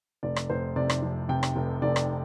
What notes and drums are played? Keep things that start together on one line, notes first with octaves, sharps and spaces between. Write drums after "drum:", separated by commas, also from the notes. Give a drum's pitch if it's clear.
F1 D5
drum: rim click
F1 C5
C3 D5
drum: rim click
F2
C3 G5
drum: rim click
F1
F1 D5
drum: rim click